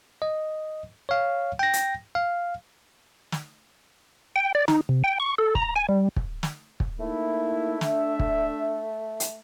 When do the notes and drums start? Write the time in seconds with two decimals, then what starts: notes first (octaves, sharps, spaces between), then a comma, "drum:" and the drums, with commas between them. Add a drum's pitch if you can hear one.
0.22 D#5
1.09 C#5 F5
1.59 G5 A#6
1.73 drum: hi-hat
2.15 F5
3.32 drum: snare
4.36 G5
4.55 D5
4.68 D#4, drum: snare
4.89 C3
5.04 G5
5.20 C#6
5.38 A4
5.55 A#5, drum: kick
5.76 G#5
5.89 G3
6.16 drum: kick
6.43 drum: snare
6.80 drum: kick
7.00 A3 A#3 D#4 E4
7.81 D4 E5, drum: snare
8.20 drum: kick
9.20 drum: hi-hat